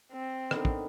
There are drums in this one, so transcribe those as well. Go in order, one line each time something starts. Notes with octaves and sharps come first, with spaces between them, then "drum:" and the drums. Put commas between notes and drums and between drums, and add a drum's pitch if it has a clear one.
C4
D3 D#3 B3, drum: rim click
drum: kick